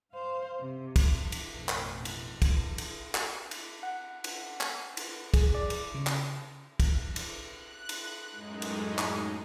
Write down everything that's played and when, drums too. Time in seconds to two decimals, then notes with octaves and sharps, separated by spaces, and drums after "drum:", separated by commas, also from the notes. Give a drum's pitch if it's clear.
0.12 C5 F5
0.60 C3
0.96 drum: kick, cymbal
1.32 drum: cymbal
1.52 A1 F2 B2
1.69 drum: clap
2.05 drum: cymbal
2.42 drum: kick, cymbal
2.78 drum: cymbal
3.15 drum: clap
3.51 drum: cymbal
3.83 F#5
4.24 drum: cymbal
4.61 drum: clap
4.97 drum: cymbal
5.34 G#4, drum: kick, cymbal
5.55 D5
5.70 drum: cymbal
5.95 C#3
6.07 drum: clap
6.80 drum: kick, cymbal
7.16 drum: cymbal
7.48 F#6
7.89 drum: cymbal
8.31 F#2 A2 G#3 D#4
8.62 drum: cymbal
8.98 drum: clap